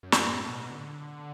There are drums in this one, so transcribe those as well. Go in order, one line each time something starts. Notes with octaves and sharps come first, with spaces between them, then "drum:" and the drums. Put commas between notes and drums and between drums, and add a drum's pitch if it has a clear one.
F#2
drum: snare
A2
B2
D3